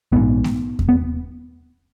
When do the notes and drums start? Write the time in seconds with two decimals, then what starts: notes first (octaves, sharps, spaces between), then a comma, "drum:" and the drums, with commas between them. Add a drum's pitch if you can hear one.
0.12 A#1 G#2 B3
0.44 drum: snare A3
0.79 drum: kick E2
0.89 B3